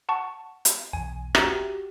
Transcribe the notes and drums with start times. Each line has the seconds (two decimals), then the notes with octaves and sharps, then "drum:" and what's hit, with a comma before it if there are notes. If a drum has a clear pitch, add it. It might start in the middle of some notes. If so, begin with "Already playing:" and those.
0.09 F#5 A5 C#6
0.65 drum: hi-hat
0.93 B1 E2 G#5
1.35 F#4 G4 E5 A#5, drum: rim click